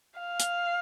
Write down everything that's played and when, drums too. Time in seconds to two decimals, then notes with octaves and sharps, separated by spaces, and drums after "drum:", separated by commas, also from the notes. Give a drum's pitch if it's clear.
0.20 F5
0.40 drum: hi-hat